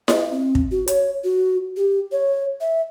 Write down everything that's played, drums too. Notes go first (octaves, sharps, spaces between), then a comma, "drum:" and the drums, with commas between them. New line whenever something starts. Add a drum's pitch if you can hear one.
D#5, drum: snare E4
C4
drum: kick
F#4
C#5, drum: hi-hat
F#4
G4
C#5
E5